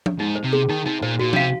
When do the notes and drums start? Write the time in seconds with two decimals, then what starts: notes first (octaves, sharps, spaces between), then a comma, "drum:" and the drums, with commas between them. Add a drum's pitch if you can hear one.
0.06 drum: tom F3
0.19 G#2 D#4
0.35 C5
0.44 C3
0.53 G#4
0.69 D#3 D#4
0.86 C3 D#4
1.02 A#2 C5
1.19 A#2 F#4
1.33 C3 F5, drum: tom F3